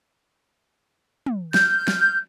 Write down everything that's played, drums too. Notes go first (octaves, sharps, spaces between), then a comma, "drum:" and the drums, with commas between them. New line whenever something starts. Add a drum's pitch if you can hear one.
drum: tom
F6 G6, drum: snare
drum: snare